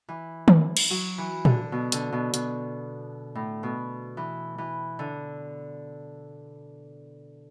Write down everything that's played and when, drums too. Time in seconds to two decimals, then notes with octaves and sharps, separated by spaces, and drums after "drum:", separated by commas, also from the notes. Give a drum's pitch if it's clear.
0.09 E3
0.48 drum: tom D#3
0.77 drum: cymbal
0.90 F#3
1.18 E3
1.45 D3, drum: tom A#2
1.72 B2
1.92 D3, drum: hi-hat
2.12 B2
2.34 B2, drum: hi-hat
3.35 A2
3.63 B2
4.17 E3
4.58 E3
4.99 D3